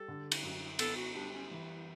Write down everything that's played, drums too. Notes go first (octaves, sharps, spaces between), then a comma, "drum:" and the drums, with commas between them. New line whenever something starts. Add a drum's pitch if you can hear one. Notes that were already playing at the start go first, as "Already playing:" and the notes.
Already playing: G3 A4
D3
drum: cymbal
F#2
B3 A4, drum: cymbal
F#4
G3 D4
C#4
E3